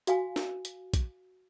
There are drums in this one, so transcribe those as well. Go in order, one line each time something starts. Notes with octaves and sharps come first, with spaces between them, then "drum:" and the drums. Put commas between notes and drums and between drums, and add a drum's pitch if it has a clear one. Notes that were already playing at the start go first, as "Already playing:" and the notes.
F#4 F5 G#5, drum: hi-hat
drum: snare
drum: hi-hat
drum: kick A#1, hi-hat